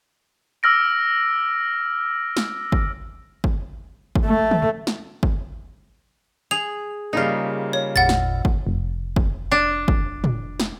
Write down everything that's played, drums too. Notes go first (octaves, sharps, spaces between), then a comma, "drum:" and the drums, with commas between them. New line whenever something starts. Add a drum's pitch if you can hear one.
D6 E6 F6 A#6 D7
drum: snare
drum: kick
drum: kick
drum: kick
A3
drum: tom D3
drum: snare
drum: kick
G#4 F7
C#3 G3 A#3 D#4 F4
C#5
G#1 E2 A#2 F#5 A6
drum: snare
drum: kick
F1
drum: kick
D4
drum: kick
drum: tom
drum: snare